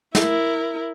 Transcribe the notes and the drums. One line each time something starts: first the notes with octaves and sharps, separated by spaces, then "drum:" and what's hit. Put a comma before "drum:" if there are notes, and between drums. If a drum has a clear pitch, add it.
E4 A#4, drum: snare